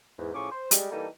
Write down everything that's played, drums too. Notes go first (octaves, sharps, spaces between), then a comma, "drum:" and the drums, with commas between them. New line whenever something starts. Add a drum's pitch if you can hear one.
E2 G#2
A2 F3 C#4 G#4 C#6 D6
C5
G3 G#3, drum: hi-hat
E3 G3 A#3 D#4 A4